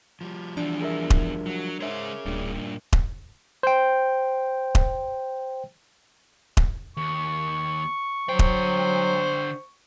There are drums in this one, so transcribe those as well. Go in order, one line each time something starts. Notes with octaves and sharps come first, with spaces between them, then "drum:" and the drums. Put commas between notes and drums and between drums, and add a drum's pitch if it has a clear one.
F3 G3
E2 E3 D4
G#4 A#4 E5
drum: kick D#1
F#3
G#3 G#4 A#4 C5 C#5 E5 D6
D1 G2 A#2 D4
drum: kick D#1
C5 G5
drum: kick D#1
drum: kick D#1
D#2 C#6
D3 F#3 C5 G5
drum: kick D#1